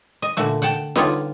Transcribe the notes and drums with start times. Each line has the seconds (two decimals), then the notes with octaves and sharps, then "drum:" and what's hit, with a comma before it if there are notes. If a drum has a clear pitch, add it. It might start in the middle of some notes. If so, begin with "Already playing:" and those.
0.22 D#5
0.37 A#2 D3 A3 F#4
0.62 F#5 G5 A5
0.96 D3 G3 B3 D#4 F4 C#5, drum: snare F4